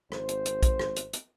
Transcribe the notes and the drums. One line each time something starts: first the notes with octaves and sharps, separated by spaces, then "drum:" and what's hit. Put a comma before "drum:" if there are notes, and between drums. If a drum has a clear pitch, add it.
G#1 C5, drum: rim click
drum: hi-hat
drum: hi-hat
drum: kick, hi-hat
drum: rim click
drum: hi-hat
drum: hi-hat